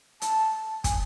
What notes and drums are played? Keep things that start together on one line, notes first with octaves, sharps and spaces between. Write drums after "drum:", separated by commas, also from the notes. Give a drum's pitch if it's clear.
A5, drum: hi-hat
G#5, drum: kick, hi-hat